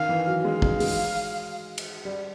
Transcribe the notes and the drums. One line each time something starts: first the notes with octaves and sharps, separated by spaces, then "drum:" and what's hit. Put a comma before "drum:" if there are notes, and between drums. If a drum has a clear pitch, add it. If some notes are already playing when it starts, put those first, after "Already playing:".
Already playing: D#3 F5
E3
F#3
G#3 F5
G#3, drum: kick
G#3, drum: open hi-hat
drum: cymbal
G3